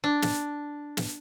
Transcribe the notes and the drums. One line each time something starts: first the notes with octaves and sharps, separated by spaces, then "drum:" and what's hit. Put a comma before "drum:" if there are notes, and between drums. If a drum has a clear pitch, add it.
D4
drum: snare
drum: snare